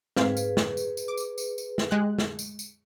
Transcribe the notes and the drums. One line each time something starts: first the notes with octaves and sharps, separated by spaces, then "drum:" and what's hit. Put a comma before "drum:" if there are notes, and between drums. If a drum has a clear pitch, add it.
G#2 C4 G#4 B4 F5, drum: snare
drum: tambourine
drum: snare
drum: tambourine
drum: tambourine
D6
drum: tambourine
drum: tambourine
drum: tambourine
drum: snare
G#3 G4 F#6
drum: snare
drum: tambourine
drum: tambourine